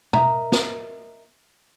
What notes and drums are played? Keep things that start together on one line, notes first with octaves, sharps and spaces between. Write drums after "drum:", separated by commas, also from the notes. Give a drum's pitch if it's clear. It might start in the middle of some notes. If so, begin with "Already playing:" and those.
A#4 D#5 E5 A#5, drum: tom
drum: snare